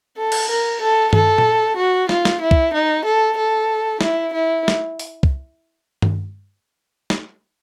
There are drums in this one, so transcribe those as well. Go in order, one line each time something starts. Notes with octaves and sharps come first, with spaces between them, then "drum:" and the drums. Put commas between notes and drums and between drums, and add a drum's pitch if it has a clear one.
A4
drum: cymbal
A#4
A4
A4, drum: tom G2
drum: tom A#2
F#4
F4, drum: snare
drum: snare
E4
drum: kick
D#4
A4
A4
E4, drum: snare
E4
drum: snare
drum: open hi-hat
drum: kick
drum: tom G2
drum: snare